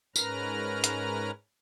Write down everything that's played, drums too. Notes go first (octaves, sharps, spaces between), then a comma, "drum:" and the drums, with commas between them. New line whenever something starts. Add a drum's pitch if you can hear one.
G#2 C#4 A#4 B4 A#5 F6, drum: tambourine
drum: hi-hat